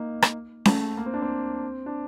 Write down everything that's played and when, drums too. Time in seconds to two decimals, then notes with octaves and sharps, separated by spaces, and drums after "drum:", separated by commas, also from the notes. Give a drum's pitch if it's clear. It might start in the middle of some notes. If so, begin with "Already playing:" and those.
Already playing: A#3 D#4
0.22 drum: rim click
0.65 A3, drum: snare C#4
0.97 A#3
1.06 C4
1.14 D4
1.22 C4
1.86 D4